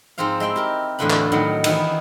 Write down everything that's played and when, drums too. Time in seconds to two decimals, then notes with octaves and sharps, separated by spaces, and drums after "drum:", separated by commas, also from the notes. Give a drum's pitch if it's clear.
0.18 G#2 F3 C4 C5 F5
0.40 G#3 E4 G5 C6
0.56 G4 A#4
0.99 E2 A2 D3 F4 B4 B5
1.10 drum: clap
1.32 A2 D#3 F#3 F#5
1.64 D#3 E3 B3, drum: cymbal